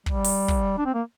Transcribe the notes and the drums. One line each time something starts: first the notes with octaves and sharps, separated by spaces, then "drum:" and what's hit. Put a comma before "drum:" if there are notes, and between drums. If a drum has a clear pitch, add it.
G3, drum: kick
drum: open hi-hat
drum: kick
D4
C4
A#3